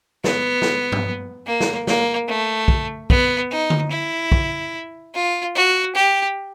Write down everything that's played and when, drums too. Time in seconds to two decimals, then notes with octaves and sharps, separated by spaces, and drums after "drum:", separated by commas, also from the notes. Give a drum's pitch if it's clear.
0.24 B3, drum: snare
0.62 drum: snare
0.92 drum: tom G2
1.47 A#3
1.60 drum: snare
1.87 A#3, drum: snare
2.28 A3
2.68 drum: kick
3.10 B3, drum: kick
3.51 D#4
3.70 drum: tom D3
3.91 E4
4.32 drum: kick
5.14 F4
5.56 F#4
5.95 G4